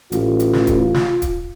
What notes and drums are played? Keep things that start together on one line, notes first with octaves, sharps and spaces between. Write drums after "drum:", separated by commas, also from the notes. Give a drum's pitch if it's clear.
A1 F4, drum: hi-hat
drum: hi-hat
drum: snare
drum: kick, hi-hat
drum: snare
drum: kick, hi-hat